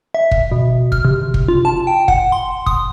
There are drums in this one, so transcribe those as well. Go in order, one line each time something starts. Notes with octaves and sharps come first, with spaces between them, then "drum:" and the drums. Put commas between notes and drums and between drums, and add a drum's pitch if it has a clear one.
E5
drum: kick
B2
F6, drum: kick
C3
drum: kick
F4
A5
G5
F#5, drum: kick
C6
D#6, drum: kick